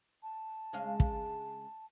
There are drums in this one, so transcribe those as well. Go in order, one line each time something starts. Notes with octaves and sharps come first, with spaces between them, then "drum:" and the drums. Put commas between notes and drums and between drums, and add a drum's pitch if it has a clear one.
A5
C#3 G#3 F5
drum: kick